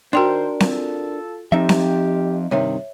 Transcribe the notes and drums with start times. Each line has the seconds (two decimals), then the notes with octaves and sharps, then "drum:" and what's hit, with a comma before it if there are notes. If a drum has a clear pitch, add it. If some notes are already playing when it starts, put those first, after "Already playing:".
0.13 D#3 D4 F#4 A#4 C5 G5 C6
0.60 F4 A4, drum: snare C4
1.52 F3 C4 D#4 G4 E5
1.69 drum: snare C4
2.51 G2 C3 D#3 C#5 E5